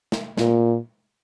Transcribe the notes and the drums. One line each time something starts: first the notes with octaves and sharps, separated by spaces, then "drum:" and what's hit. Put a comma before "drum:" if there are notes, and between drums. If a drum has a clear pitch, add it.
drum: snare
A#2, drum: snare